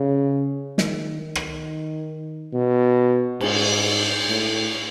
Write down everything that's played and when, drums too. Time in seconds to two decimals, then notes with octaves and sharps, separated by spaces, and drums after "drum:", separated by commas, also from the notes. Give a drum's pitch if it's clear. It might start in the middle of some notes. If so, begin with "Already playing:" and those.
Already playing: C#3
0.78 D#3, drum: snare
1.21 D#3
1.35 drum: rim click
2.53 B2
3.40 G#2, drum: cymbal
4.29 A2